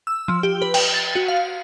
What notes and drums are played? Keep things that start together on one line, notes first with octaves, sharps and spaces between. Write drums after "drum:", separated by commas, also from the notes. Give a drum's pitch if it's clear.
E6
F3
G4
B4
G5, drum: cymbal
A6
F#4
F5